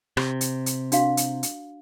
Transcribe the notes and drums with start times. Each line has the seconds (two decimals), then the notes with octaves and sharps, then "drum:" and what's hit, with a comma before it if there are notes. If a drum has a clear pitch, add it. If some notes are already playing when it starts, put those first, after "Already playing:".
0.17 C3, drum: rim click
0.41 drum: hi-hat
0.66 drum: hi-hat
0.92 D4 F#4 F5, drum: hi-hat
1.17 drum: hi-hat
1.43 drum: hi-hat